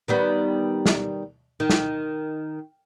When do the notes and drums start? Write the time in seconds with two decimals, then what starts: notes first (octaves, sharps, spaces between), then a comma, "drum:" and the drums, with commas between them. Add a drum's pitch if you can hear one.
0.08 D#3 G3 B3
0.86 drum: snare
1.60 D#3
1.70 drum: snare